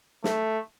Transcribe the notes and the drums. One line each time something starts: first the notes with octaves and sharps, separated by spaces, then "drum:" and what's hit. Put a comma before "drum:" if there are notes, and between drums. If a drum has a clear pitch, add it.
A3, drum: snare